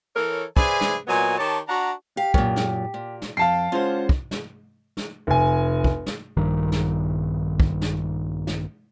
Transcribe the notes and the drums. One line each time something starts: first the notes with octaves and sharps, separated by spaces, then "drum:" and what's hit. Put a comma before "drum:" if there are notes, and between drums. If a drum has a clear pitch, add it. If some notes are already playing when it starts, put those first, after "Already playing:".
E3 A4 A#4 C#5
G#4 B4 C5 D5 E5 G#5, drum: kick
drum: snare
A#2 F#3 B3 D#5 G#5
D#3 G4 C#5 A5
D4 F#4 F#5 A#5
G4 F5
F#2 A#2, drum: kick
drum: snare
A#2
drum: snare
F2 F5 G5 A5 C7
G#3 C#4 F4 C5 F#5
drum: kick
drum: snare
drum: snare
F1 G#5
drum: kick
drum: snare
A#1 G2 D#3
drum: snare
drum: kick
drum: snare
drum: snare